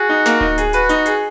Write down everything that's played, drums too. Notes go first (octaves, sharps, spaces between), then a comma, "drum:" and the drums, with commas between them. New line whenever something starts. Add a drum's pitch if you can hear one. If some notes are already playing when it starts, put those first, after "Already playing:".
Already playing: F#4 G#4
D#4
A#3, drum: snare
D#4, drum: kick D1
G#4, drum: hi-hat
F#4 B4, drum: hi-hat
D#4, drum: hi-hat
G#4, drum: hi-hat